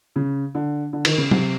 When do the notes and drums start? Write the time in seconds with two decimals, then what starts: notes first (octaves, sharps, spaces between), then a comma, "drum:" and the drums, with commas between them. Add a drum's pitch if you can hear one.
0.16 C#3
0.55 D3
0.93 D3
1.05 D#3, drum: cymbal
1.18 C#3
1.31 C3, drum: tom F#3